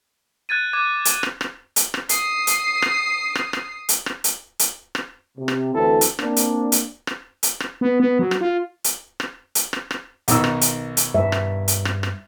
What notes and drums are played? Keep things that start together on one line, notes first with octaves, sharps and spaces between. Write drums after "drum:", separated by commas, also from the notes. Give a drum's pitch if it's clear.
F#6 G#6 A6 D#7
D6 F#6 G#6
drum: hi-hat
drum: rim click
drum: rim click
drum: hi-hat
drum: rim click
D#6 C7, drum: hi-hat
drum: hi-hat
drum: rim click
drum: rim click
drum: rim click
drum: hi-hat
drum: rim click
drum: hi-hat
drum: hi-hat
drum: rim click
C3
drum: rim click
D2 E3 C4 E4 A4
drum: hi-hat
A#3 C4 D4, drum: rim click
drum: hi-hat
drum: hi-hat
drum: rim click
drum: hi-hat
drum: rim click
B3
B3
F#3
drum: rim click
F4
drum: hi-hat
drum: rim click
drum: hi-hat
drum: rim click
drum: rim click
B1 D#3 E6, drum: hi-hat
drum: rim click
drum: hi-hat
drum: hi-hat
G2 E5
drum: rim click
drum: hi-hat
drum: rim click
drum: rim click